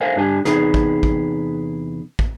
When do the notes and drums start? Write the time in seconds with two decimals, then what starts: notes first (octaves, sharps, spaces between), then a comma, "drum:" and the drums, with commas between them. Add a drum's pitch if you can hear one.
0.01 A4 A#4 C5 E5 F5 G#5
0.16 G2 D4 G4 G#5
0.45 E2 C3 D#4 G#4 B4, drum: snare
0.74 drum: kick
1.03 drum: kick
2.19 drum: kick